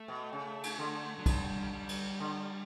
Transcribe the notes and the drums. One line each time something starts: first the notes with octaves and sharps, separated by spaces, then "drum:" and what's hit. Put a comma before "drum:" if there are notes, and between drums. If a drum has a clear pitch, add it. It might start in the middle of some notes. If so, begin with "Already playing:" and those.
Already playing: A3
B2
C#3
drum: cymbal
D3
F#3
G3, drum: kick, cymbal
G3
drum: cymbal
D3